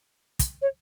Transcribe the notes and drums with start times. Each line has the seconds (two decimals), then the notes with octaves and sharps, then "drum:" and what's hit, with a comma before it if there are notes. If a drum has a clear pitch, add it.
0.39 drum: kick, hi-hat
0.61 C#5